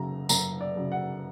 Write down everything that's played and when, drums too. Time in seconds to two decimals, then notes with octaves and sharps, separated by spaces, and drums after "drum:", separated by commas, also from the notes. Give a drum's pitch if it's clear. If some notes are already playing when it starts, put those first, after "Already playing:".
Already playing: F#2 C#3 F#3 A#5
0.29 F#2 A#5, drum: tambourine
0.61 D5
0.76 C#3 F#3
0.92 F#5